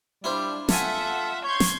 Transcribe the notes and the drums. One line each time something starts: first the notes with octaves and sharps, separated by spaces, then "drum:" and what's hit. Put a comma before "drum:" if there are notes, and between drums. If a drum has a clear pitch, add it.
G3 D4 E4 F4 C5
F4 A4 C#5 E5 F#5 G#5, drum: snare
C#5 C6 G6 G#6
drum: snare